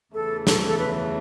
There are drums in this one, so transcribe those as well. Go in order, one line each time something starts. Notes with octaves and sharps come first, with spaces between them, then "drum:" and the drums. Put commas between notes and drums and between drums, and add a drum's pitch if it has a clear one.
E2 C#3 E3 A3 A4
A4, drum: snare
A4
B4